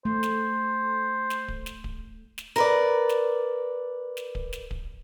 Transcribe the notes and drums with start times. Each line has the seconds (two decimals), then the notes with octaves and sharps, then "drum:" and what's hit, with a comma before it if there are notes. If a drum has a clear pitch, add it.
0.05 A3 C5
0.23 drum: snare
1.30 drum: snare
1.48 drum: kick D1
1.66 drum: snare
1.84 drum: kick D1
2.38 drum: snare
2.56 A#4 B4 D5, drum: snare
3.10 drum: snare
4.17 drum: snare
4.35 drum: kick D1
4.53 drum: snare
4.71 drum: kick D1